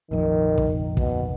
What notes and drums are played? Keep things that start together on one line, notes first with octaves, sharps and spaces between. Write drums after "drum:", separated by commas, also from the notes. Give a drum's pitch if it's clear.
F1 A#1 D#3 F3
drum: kick
B2, drum: kick